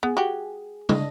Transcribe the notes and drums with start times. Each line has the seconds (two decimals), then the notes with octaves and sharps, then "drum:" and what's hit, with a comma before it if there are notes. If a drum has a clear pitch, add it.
0.03 B3 G#4
0.17 F#4 G4
0.89 D4 D#5, drum: tom